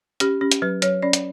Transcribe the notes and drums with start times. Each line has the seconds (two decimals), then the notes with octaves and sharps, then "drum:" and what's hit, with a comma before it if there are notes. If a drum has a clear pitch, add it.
0.20 C#4 G4, drum: hi-hat
0.41 C#4 G4
0.52 drum: hi-hat
0.62 F#3 B4
0.82 F#3 C#5, drum: hi-hat
1.02 C#4 D5
1.13 drum: hi-hat